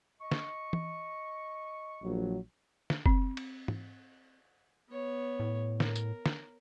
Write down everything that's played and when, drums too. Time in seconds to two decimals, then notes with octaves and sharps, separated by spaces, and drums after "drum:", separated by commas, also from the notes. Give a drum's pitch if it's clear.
0.20 D#5 C#6
0.31 drum: snare
0.73 drum: tom E3
2.03 A#1 F#3
2.90 drum: snare
3.06 C4, drum: kick F#1
3.37 drum: cymbal
3.68 drum: tom
4.89 B3 C#5
5.40 A2
5.80 A#4, drum: snare
5.95 drum: tambourine
6.26 drum: snare